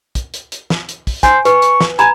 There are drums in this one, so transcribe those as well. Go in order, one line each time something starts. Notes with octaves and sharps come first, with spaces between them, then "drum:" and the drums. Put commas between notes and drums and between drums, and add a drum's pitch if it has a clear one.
drum: kick, hi-hat
drum: hi-hat
drum: hi-hat
drum: snare
drum: hi-hat
drum: kick, open hi-hat
C5 G#5, drum: kick, hi-hat
B4 C#6, drum: hi-hat
drum: hi-hat
drum: snare
G#5 A#5 B5, drum: hi-hat